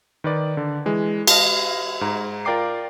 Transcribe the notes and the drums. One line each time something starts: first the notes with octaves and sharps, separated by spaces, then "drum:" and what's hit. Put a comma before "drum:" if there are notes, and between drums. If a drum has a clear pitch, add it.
D#3 B4 D5
D3
E3 G#3
D#5 F5 A5, drum: cymbal
G#2 A#5
F4 A#4 D5 G5 D6 C7